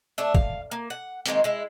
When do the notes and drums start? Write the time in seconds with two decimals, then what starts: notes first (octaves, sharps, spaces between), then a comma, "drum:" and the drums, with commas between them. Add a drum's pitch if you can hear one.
0.18 A3 D4 E5
0.35 F5, drum: kick
0.71 A#3
0.90 F#5
1.26 D#3 G#3 A#3 C4, drum: hi-hat
1.44 G#3 E4